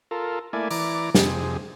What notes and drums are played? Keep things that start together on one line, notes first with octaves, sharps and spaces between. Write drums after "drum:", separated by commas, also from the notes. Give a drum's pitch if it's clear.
F4 A4 A#4
A3 A#3 E4 D5 G#5
E3 D5 A#5 D6, drum: open hi-hat
F2 C3 G#4, drum: snare